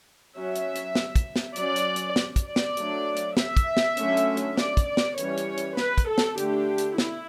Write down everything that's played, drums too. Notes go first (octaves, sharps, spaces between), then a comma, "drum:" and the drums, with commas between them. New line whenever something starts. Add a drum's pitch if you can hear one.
F#3 C#4 E5
drum: hi-hat
drum: hi-hat
drum: snare
drum: kick, hi-hat
drum: snare
F#3 C#4 D5, drum: hi-hat
drum: hi-hat
drum: hi-hat
drum: snare
drum: kick, hi-hat
D5
drum: snare
F#3 A3 D4, drum: hi-hat
drum: hi-hat
E5, drum: snare
drum: kick, hi-hat
drum: snare
D3 F#3 A3 C#4, drum: hi-hat
drum: hi-hat
drum: hi-hat
D5, drum: snare
drum: kick, hi-hat
D5
drum: snare
E3 G3 C#4 C#5, drum: hi-hat
drum: hi-hat
drum: hi-hat
B4, drum: snare
drum: kick, hi-hat
A4
drum: snare
D3 A3 D4 G4, drum: hi-hat
drum: hi-hat
E4, drum: snare